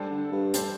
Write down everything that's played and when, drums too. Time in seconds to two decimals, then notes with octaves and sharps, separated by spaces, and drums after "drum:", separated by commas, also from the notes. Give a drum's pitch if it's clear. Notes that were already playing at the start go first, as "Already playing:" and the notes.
Already playing: G3 D4 A4 C5
0.10 D3
0.32 G2
0.54 G3 D4 A4 C5, drum: hi-hat